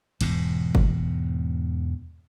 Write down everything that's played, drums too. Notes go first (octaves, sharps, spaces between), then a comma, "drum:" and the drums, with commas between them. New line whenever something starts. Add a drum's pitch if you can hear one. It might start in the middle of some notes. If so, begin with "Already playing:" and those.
E1 E2 G#2 B2, drum: cymbal
drum: kick F#1